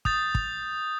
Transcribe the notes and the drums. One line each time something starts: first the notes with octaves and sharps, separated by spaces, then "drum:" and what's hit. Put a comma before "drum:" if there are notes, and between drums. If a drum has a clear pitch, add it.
D#6 G6 A6, drum: kick
drum: kick